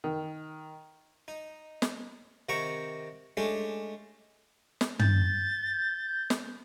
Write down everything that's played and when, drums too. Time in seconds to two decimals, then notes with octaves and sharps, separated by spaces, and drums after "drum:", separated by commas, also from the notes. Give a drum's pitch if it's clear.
0.04 D#3
1.28 D#4
1.82 drum: snare
2.49 C3 D#3 F#5 G5 A#5 C#6
3.37 G#3 A3 C#4 D4 G4
4.81 drum: snare
4.99 G6 A6, drum: tom
6.30 drum: snare